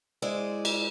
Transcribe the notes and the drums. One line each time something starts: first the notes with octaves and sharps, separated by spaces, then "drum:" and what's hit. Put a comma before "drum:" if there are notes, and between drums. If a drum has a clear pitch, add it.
G#3 E4 C5 D5 D#5
drum: cymbal